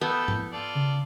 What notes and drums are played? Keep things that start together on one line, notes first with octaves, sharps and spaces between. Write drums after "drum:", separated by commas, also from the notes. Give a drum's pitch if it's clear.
A3 B3 A4 G5
drum: tom G#2
F4 A4 D5
C#3